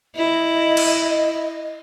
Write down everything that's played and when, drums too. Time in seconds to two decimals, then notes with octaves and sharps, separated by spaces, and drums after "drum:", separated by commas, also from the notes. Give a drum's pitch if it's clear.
0.16 E4 D#5
0.77 drum: cymbal